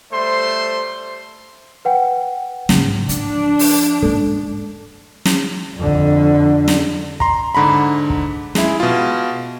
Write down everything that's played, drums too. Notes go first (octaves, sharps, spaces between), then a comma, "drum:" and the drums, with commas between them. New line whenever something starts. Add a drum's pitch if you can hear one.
G3 A3 C5 C6
B4 F#5 G5
G#2 C#3, drum: snare
F3 D4, drum: hi-hat
drum: open hi-hat
G#2 C#4 A4
drum: snare
F2 D3
drum: kick
drum: snare
A#5 C6, drum: kick
G#2 D3 A#5 B5
drum: kick
G#3 E4, drum: snare
B2 F4